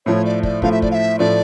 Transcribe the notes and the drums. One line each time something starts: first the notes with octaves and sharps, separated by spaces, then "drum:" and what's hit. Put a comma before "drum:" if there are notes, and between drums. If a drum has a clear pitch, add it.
A2 F3 A3 C#5
D5
D5, drum: kick
A2 F3 A3 F5, drum: kick
E5
D5, drum: kick
F5
E5
A2 F3 A3 D5